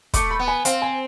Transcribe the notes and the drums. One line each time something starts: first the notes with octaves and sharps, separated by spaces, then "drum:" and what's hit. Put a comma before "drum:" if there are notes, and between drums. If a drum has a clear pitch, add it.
A3 D6, drum: kick, hi-hat
B5
B3
G#5
C4 F5, drum: hi-hat
G#5